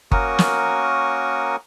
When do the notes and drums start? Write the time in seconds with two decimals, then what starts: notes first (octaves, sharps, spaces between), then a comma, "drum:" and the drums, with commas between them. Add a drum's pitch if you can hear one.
0.12 A#3 C#4 F#4 A#4 C#6 D#6, drum: kick G1
0.39 drum: snare